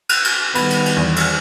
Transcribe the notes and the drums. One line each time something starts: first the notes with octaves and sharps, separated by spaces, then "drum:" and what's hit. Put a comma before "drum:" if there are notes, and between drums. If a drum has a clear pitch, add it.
drum: cymbal
drum: cymbal
D#3 G3 B3 B5, drum: cymbal
drum: cymbal
drum: cymbal
E2
drum: cymbal